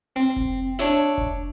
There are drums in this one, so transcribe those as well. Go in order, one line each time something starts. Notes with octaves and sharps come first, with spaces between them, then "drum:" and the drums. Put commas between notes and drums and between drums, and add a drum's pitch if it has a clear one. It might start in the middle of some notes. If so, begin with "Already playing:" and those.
C4
drum: kick F1
D4 C#5 E5, drum: snare
drum: kick F1